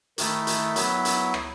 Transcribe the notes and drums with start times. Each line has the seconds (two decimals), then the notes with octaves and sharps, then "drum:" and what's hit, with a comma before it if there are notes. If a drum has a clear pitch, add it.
0.18 D#3 A3 E4, drum: hi-hat
0.47 drum: hi-hat
0.76 F#3 B3 E4, drum: hi-hat
1.05 drum: hi-hat
1.34 drum: rim click